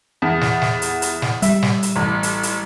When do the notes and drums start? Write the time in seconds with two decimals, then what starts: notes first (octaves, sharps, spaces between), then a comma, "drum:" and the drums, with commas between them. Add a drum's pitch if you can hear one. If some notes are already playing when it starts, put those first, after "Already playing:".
0.22 E2
0.41 drum: snare
0.62 drum: snare
0.82 drum: hi-hat
1.02 drum: hi-hat
1.22 drum: snare
1.42 G3 E5, drum: hi-hat
1.62 drum: snare
1.83 drum: hi-hat
1.96 A1
2.23 drum: hi-hat
2.43 drum: hi-hat